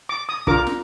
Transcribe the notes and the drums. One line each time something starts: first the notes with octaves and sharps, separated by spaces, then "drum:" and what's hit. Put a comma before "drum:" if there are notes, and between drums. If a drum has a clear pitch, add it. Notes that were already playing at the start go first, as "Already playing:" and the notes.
D6
D#6
D4 F4 A#4 D6, drum: kick
drum: snare